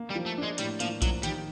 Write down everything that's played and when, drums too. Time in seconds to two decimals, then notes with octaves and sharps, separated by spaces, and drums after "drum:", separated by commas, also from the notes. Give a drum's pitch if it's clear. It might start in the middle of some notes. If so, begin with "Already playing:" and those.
Already playing: A#3
0.10 G3
0.15 F3
0.26 A3
0.38 D4
0.43 G#3
0.58 A2 G3, drum: hi-hat
0.80 F3 A#3, drum: hi-hat
1.02 F3 F#3, drum: kick A#1, hi-hat
1.23 D#3 G3, drum: hi-hat